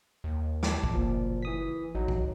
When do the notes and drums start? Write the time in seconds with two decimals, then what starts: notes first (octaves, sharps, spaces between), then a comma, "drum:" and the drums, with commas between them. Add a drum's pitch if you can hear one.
0.24 D#2
0.63 A5 D6, drum: snare
0.84 drum: kick B1
0.93 F#1 A#2 F3
1.43 E3 D#6 B6
1.95 A1 F#3 D#4
2.08 drum: kick B1